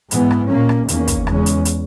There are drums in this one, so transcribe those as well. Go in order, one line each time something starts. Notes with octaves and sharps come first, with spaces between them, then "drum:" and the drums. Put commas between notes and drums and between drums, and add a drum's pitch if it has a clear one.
G#2 E3 B3, drum: hi-hat
drum: rim click
A#2 A#3 C#4
drum: rim click
E2 D#3 A#3 C#4, drum: hi-hat
drum: kick, hi-hat
E2 C#3 G#3 C#4, drum: rim click
drum: hi-hat
drum: hi-hat